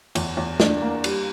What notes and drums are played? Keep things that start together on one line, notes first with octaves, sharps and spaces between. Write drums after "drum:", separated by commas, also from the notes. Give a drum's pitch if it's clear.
E2, drum: cymbal
E2
D4, drum: snare
A#3
G3, drum: cymbal